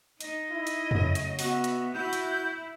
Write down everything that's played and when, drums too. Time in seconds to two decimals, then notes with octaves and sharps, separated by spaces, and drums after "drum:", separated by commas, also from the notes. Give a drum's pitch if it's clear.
0.21 D#4 D#5, drum: hi-hat
0.51 E4
0.67 drum: hi-hat
0.91 C#3 F#3 A3, drum: tom F2
1.15 drum: hi-hat
1.39 B3 F#4 E5, drum: open hi-hat
1.64 drum: hi-hat
1.95 E4 F#4 G6
2.13 drum: hi-hat